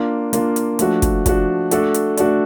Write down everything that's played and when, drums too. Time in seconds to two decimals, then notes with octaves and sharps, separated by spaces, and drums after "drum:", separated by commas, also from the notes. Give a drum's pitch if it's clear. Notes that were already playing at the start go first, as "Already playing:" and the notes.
Already playing: A#3 D4 F4
0.33 A#3 D4 F4, drum: hi-hat
0.56 drum: hi-hat
0.79 F3 A3 D4 F#4, drum: hi-hat
1.02 drum: kick, hi-hat
1.26 F3 A3 D4 F#4, drum: kick, hi-hat
1.71 A3 D4 F#4 A4 D5, drum: hi-hat
1.94 drum: hi-hat
2.17 A3 D4 F#4 A4 D5, drum: hi-hat